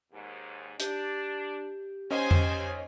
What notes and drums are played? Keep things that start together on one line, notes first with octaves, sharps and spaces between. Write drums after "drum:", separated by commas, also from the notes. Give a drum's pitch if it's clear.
D#2 G#2
D4 G4, drum: hi-hat
D#2 C#4 C5 D#5 G5 G#5
drum: tom F2